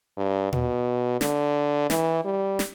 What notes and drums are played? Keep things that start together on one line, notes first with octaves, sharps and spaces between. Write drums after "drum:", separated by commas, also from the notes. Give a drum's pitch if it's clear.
G2
B2, drum: tom A#2
D3, drum: snare
E3, drum: snare
G3
drum: snare